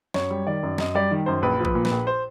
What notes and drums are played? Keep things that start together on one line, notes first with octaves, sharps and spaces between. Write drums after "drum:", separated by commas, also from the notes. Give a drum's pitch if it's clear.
F#2 C#5, drum: snare
G3
D#3 D5
F#2
F#2 D#5, drum: snare
G3 D5
D#3
F#2 C5
A#1 B4
F3
B4, drum: kick A#1
A#2
B4, drum: snare
A#1
C5